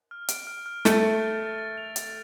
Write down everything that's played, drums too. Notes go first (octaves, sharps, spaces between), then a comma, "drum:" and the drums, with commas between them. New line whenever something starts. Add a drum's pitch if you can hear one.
F6
D7, drum: hi-hat
F6
F6
A3 A6, drum: snare
A6
A6
A6
A6
F7
A6, drum: hi-hat